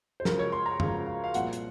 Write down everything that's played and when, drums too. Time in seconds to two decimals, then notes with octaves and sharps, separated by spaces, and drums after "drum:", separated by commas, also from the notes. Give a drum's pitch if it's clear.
0.20 C5
0.25 C#2 C#3 F3 A#4, drum: snare
0.39 C#5
0.52 C6
0.66 A#5
0.80 C#2 C#3 F3 F5, drum: tom F2
1.07 F5
1.24 F5
1.34 C2 A#2 F3 F#5, drum: hi-hat
1.53 drum: hi-hat